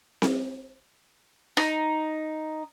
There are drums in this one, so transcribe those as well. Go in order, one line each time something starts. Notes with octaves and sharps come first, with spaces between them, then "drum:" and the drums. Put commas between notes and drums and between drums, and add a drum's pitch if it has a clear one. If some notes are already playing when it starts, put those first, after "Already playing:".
drum: snare C4
D#4, drum: rim click